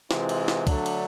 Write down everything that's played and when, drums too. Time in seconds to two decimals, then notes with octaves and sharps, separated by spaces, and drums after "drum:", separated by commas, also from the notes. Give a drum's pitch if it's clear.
0.11 C3 E3 G#3 C4 F4, drum: snare
0.29 drum: cymbal
0.48 drum: snare
0.67 D3 F#3 A3 D4, drum: kick, cymbal
0.86 drum: cymbal